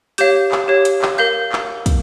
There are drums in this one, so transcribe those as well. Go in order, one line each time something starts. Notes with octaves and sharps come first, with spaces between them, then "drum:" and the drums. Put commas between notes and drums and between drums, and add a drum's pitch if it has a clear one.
G4 C#5 F5 G6, drum: hi-hat
drum: clap
G4 C#5 F5
drum: hi-hat
drum: clap
A#4 F5 G6
drum: clap
drum: kick, hi-hat